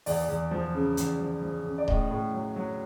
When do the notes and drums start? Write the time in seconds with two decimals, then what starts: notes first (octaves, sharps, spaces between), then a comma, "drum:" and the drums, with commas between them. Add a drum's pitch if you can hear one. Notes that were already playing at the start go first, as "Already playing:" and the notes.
0.06 E2 D5, drum: open hi-hat
0.29 E2
0.51 F3
0.75 C#3
0.97 E2, drum: hi-hat
1.19 F3
1.42 F3
1.65 C#3
1.78 D5
1.88 A2 D#5, drum: kick D#1
2.11 A2
2.34 F#3
2.56 F#3